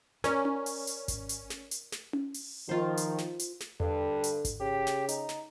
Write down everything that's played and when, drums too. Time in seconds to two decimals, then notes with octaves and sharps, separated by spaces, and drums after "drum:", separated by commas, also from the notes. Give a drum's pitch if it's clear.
0.24 C#4 A#4 D5, drum: snare
0.45 drum: tom C#4
0.66 drum: open hi-hat
0.87 drum: hi-hat
1.08 drum: kick G#1, hi-hat
1.29 drum: hi-hat
1.50 drum: snare
1.71 drum: hi-hat
1.92 drum: snare
2.13 drum: tom C#4
2.34 drum: open hi-hat
2.69 D#3 F3 F4 C5
2.97 drum: hi-hat
3.18 drum: snare
3.39 drum: hi-hat
3.60 drum: snare
3.80 G2 D3, drum: tom E2
4.24 drum: hi-hat
4.45 drum: kick G#1, hi-hat
4.61 C#3 G4
4.87 drum: snare
5.09 D#4, drum: hi-hat
5.29 drum: snare